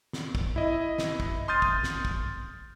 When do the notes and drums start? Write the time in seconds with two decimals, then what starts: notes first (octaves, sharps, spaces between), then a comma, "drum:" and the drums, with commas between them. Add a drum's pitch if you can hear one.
0.13 drum: snare
0.35 drum: kick
0.56 E4 D#5
0.98 drum: snare
1.20 drum: kick
1.48 C6 D#6 F6 G6 A6 D#7
1.62 drum: kick
1.83 drum: snare
2.05 drum: kick